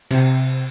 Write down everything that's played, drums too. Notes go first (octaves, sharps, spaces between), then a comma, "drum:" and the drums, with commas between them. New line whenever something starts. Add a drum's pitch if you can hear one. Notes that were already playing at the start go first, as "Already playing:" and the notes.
C3, drum: cymbal